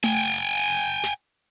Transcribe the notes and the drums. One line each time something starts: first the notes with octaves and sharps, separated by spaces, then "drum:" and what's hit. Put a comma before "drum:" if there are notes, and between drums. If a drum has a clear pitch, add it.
G5 G#5, drum: tom A3
drum: snare